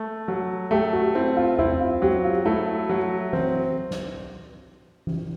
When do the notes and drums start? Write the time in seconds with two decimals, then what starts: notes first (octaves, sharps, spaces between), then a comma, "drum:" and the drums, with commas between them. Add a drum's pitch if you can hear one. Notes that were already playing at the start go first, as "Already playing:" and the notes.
Already playing: A3
0.28 F#3
0.71 A3 G4
0.93 F#4
1.15 C4 E4
1.37 F4
1.59 C4 E4, drum: tom E2
1.81 F4
2.02 F#3 G4
2.24 F4
2.45 A3 E4
2.89 F#3
3.33 C4, drum: tom E3
3.91 drum: snare
5.07 drum: tom E3